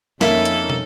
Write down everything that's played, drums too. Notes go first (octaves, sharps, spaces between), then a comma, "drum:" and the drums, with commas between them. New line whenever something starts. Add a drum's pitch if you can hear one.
F2 A#3 C#4 D#4 E4 A4, drum: snare
drum: hi-hat
drum: tom